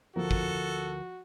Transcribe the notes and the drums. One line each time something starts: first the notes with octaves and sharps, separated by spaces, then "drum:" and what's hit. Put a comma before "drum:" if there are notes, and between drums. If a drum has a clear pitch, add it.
D2 F3 F#4 A4 A#4
drum: kick